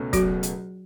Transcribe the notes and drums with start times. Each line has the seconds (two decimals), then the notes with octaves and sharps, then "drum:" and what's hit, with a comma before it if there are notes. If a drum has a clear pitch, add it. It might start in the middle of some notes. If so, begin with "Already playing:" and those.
Already playing: C#2 B2 A3 C#4
0.13 F#3 F#4, drum: kick, hi-hat
0.43 drum: hi-hat